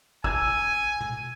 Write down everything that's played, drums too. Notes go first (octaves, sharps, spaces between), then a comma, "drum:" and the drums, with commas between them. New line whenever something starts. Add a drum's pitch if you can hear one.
G#5 E6 G#6, drum: kick
drum: tom